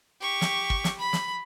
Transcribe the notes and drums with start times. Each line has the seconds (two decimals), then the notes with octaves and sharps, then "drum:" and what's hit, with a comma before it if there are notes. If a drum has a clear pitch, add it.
0.21 G4 C#6
0.41 drum: snare
0.70 drum: kick
0.84 drum: snare
0.99 B5
1.13 drum: snare